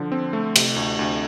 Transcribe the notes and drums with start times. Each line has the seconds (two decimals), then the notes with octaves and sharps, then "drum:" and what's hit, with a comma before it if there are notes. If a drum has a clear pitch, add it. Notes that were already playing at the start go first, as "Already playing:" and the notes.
Already playing: D3 F3
0.12 C4
0.33 A3
0.56 C3, drum: cymbal
0.76 D2
0.99 D2